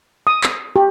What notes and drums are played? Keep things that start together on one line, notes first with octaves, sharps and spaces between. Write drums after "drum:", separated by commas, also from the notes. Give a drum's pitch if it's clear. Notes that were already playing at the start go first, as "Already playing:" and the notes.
D#6
drum: clap
G4